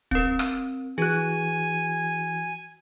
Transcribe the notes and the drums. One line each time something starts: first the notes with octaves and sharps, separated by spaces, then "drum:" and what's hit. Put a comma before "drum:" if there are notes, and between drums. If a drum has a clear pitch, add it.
C4 A#4, drum: kick
drum: rim click
E3 F#4 G#4 G#5 F#6